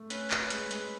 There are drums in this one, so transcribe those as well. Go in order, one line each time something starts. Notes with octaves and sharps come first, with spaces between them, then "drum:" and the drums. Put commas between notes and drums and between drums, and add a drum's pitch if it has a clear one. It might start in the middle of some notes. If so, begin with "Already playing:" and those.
Already playing: A3
C#4 B4, drum: hi-hat
C#4, drum: clap
G#3, drum: hi-hat
G#3, drum: hi-hat